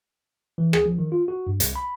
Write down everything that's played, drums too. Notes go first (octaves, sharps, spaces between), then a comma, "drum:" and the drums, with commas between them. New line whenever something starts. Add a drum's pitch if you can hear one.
E3
G#4, drum: rim click
F3
D#3
F4
F#4
G2
C2, drum: hi-hat
B5